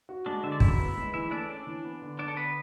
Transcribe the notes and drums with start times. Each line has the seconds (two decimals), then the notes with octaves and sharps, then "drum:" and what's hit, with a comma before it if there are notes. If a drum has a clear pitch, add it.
0.09 F#4
0.26 G#3 D4 D5
0.44 D3 E5
0.52 D5
0.60 F#2 E4 E5, drum: kick
0.79 B3
0.96 G#3
1.14 E3 E4 E5
1.31 A3 D4 D5
1.49 C#4 D4 D5
1.67 E3
1.84 B3
2.02 D3
2.19 D3 D4 D5
2.28 A4
2.37 B3 B4